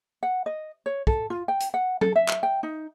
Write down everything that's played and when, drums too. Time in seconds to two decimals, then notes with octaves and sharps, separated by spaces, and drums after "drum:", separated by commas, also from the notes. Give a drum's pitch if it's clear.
0.23 F#5
0.46 D#5
0.86 C#5
1.07 A4, drum: kick
1.30 F4
1.48 G5
1.60 drum: hi-hat
1.74 F#5
2.01 A4, drum: tom F#3
2.16 E5
2.29 drum: clap
2.43 G5
2.63 D#4